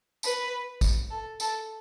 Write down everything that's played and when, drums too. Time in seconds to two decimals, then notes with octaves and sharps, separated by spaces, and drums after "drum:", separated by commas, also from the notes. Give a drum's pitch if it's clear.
0.23 B4, drum: tambourine
0.81 drum: kick, tambourine
1.10 A4
1.40 A4, drum: tambourine